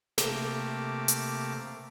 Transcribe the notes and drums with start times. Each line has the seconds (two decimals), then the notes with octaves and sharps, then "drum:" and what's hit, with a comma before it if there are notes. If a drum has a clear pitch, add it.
0.18 C3 A3 A#3 D6, drum: snare
1.08 drum: hi-hat